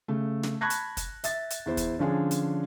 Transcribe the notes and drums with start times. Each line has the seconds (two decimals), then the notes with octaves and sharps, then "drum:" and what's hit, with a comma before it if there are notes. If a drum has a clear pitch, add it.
0.08 C#3 A3
0.43 drum: snare
0.61 A5 B5 C#6 F#6 G#6 A#6
0.70 drum: hi-hat
0.97 drum: kick, hi-hat
1.24 E5 A6, drum: hi-hat
1.50 drum: hi-hat
1.66 E2 E4 C5
1.77 drum: kick, hi-hat
1.99 D3 F3 C#4 D4 G#4
2.31 drum: hi-hat